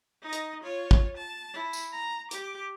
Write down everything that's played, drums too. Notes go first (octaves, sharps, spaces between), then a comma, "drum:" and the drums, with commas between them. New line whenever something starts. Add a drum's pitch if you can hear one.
D#4 D#5
drum: hi-hat
F4 C#5
drum: kick
A5
E4
drum: tambourine
A#5
G4 D6, drum: hi-hat